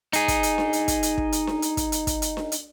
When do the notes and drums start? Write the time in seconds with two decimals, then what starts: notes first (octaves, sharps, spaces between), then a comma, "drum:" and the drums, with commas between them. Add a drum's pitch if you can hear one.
0.13 D#4 G#4, drum: hi-hat
0.28 drum: kick, hi-hat
0.43 drum: hi-hat
0.58 drum: snare D4
0.73 drum: hi-hat
0.88 drum: kick, hi-hat
1.03 drum: hi-hat
1.18 drum: kick
1.32 drum: hi-hat
1.47 drum: snare D4
1.62 drum: hi-hat
1.77 drum: kick, hi-hat
1.92 drum: hi-hat
2.07 drum: kick, hi-hat
2.22 drum: hi-hat
2.37 drum: snare D4
2.52 drum: hi-hat